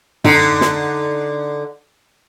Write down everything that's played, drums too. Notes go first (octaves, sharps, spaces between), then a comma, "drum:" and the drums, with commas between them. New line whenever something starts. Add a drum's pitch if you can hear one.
D3 D#4, drum: tom
drum: snare